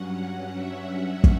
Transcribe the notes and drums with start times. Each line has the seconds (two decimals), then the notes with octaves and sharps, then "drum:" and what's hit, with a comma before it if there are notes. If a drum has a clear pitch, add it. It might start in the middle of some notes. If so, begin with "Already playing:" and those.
Already playing: G2 F#3 C#4 F#5
0.21 F#5
0.56 E5
1.24 drum: kick